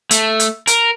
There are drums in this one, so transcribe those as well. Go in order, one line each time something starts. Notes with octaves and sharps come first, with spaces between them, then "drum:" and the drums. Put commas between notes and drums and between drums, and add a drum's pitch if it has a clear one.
A3, drum: hi-hat
drum: hi-hat
A#4, drum: hi-hat